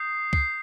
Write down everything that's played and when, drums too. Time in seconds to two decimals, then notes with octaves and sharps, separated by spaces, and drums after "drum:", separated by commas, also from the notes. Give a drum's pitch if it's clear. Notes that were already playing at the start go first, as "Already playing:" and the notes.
Already playing: D#6 G6 C7
0.33 C7, drum: kick